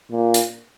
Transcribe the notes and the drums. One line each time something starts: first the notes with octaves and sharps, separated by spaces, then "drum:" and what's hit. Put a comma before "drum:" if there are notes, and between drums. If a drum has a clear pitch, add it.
A#2
drum: hi-hat